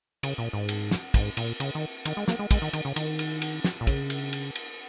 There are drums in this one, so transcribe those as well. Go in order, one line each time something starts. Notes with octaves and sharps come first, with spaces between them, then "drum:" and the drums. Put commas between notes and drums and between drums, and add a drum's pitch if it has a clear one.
C#3, drum: cymbal
A#2
G#2
drum: cymbal
drum: snare
G#2, drum: kick, cymbal
A#2, drum: cymbal
C#3, drum: cymbal
D#3
D#3, drum: cymbal
G#3
A#3, drum: snare
G#3
G#3, drum: kick, cymbal
D#3
D#3, drum: cymbal
C#3
D#3, drum: cymbal
drum: cymbal
drum: cymbal
drum: snare
A#2
C#3, drum: kick, cymbal
drum: cymbal
drum: cymbal
drum: cymbal